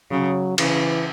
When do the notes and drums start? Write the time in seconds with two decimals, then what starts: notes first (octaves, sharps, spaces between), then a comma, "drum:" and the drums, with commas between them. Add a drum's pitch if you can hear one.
0.11 C#3 F#3
0.58 C#3 E3, drum: cymbal